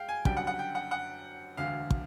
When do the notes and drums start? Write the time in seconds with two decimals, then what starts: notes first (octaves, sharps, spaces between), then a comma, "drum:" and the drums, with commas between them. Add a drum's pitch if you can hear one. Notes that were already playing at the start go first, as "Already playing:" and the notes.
Already playing: G#3 F5 G5
0.09 G#5
0.25 F#1 F#2 D3 G3 G5, drum: kick
0.37 F#5
0.47 F#5
0.59 G5
0.75 F#5
0.91 F#5
1.57 E1 D2 D3 F5
1.90 drum: kick